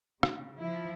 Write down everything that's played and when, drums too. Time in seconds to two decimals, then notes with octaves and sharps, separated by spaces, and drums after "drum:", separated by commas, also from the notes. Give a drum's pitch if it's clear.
0.23 C#3, drum: rim click
0.58 F3 E4